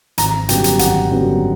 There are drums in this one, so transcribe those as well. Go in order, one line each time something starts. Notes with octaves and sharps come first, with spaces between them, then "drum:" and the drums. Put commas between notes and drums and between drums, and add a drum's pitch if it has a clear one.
G#1 A#5, drum: hi-hat
F#2 D3 G3 B3 G5, drum: hi-hat
drum: hi-hat
G#1 F#5, drum: hi-hat
F#2 D3 G3 B3